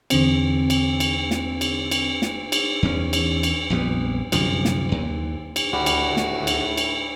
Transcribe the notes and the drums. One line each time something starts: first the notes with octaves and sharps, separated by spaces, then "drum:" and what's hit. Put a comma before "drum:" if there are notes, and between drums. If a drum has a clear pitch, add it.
E2 D3 C4, drum: cymbal
drum: cymbal
drum: cymbal
drum: snare
drum: cymbal
drum: cymbal
drum: snare
drum: cymbal
E2 C#4
drum: cymbal
drum: cymbal
A#1 F2 G3 B3
C2 F#2 D3 F3, drum: cymbal
drum: snare
D#2
drum: cymbal
D2 A2 G3 F#4
drum: cymbal
drum: snare
drum: cymbal
drum: cymbal